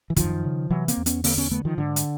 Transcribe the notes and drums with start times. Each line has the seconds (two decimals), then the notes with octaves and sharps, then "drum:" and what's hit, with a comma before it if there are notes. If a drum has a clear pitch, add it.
0.10 E3
0.16 F#2 D#3 F3, drum: kick, hi-hat
0.44 C#3
0.70 C3 E3 F#3
0.88 A#3 C4, drum: hi-hat
0.97 E2
1.06 B3 C#4, drum: hi-hat
1.24 D3 A#3 C4, drum: open hi-hat
1.38 B3 C#4
1.51 D3 A3 B3
1.65 D#3 F3
1.78 G#2 D3
1.96 drum: hi-hat